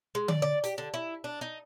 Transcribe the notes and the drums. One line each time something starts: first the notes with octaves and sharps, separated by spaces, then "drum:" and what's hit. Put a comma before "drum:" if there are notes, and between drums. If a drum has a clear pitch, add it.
G#3
D5, drum: tom D3
D5
G4, drum: hi-hat
D3
E4
D4
D#4